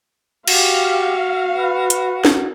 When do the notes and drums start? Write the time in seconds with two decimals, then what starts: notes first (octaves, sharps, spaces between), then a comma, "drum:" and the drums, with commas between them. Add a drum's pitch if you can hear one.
0.48 F#4 G4 F5, drum: cymbal
1.54 B4
1.90 drum: hi-hat
2.25 drum: snare